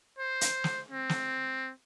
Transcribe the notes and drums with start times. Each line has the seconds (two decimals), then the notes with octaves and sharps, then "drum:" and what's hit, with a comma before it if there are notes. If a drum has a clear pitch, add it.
0.18 C5
0.41 drum: hi-hat
0.64 drum: snare
0.91 C4
1.09 drum: snare